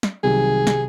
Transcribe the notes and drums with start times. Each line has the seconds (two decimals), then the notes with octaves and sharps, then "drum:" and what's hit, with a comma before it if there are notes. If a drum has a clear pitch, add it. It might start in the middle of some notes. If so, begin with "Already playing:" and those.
0.03 drum: snare
0.23 C2 C3 D#3 F#3 G#4
0.67 C3, drum: snare